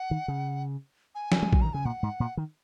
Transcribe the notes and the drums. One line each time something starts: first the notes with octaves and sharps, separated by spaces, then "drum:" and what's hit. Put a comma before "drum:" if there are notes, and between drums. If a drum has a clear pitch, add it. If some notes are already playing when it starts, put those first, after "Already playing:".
Already playing: F#5
D#3
C#3
G#5
drum: snare
G#3
F#3, drum: kick A#1
D#3 A#5
C#3 G#5
A#2 F#5
G#2
A#2
D#3